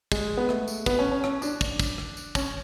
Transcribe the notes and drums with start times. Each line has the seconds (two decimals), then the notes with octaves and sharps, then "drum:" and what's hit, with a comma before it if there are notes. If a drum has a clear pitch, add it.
0.12 G#3, drum: kick, tambourine
0.37 B3
0.49 A3, drum: rim click
0.68 drum: tambourine
0.86 B3, drum: kick, tambourine
0.99 C#4
1.11 C#4
1.24 C#4, drum: rim click
1.42 D4, drum: tambourine
1.61 drum: kick, tambourine
1.80 drum: kick, tambourine
1.98 drum: rim click
2.17 drum: tambourine
2.35 C#4, drum: kick, tambourine